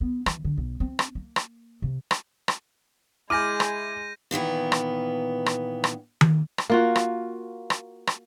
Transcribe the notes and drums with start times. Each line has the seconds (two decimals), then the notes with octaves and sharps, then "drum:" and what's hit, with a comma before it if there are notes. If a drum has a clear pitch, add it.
0.01 B3
0.26 E3, drum: rim click
0.44 D3
0.58 B1
0.80 C4
0.99 drum: rim click
1.15 A#3
1.36 drum: rim click
1.82 C3
2.11 drum: rim click
2.48 drum: rim click
3.30 G#3 E4 G#5 D6 F6 G6 A#6 D#7
3.60 drum: rim click
4.31 A#2 D#3 E3 B3
4.72 drum: rim click
5.46 drum: rim click
5.84 drum: rim click
6.21 drum: tom D#3
6.58 drum: rim click
6.70 A#3 F4 F#4
6.96 drum: rim click
7.70 drum: rim click
8.07 drum: rim click